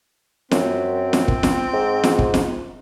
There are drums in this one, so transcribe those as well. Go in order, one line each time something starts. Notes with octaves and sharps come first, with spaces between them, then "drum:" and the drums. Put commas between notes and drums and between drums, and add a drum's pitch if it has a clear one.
F#2 C4, drum: snare
drum: snare
drum: kick
drum: snare
G#2
drum: snare
drum: kick
drum: snare